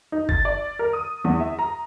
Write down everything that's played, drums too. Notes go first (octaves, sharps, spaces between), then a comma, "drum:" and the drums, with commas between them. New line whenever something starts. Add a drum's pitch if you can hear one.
D#4
A6, drum: kick G1
D5
A#4
D#6
E2
E5
A#5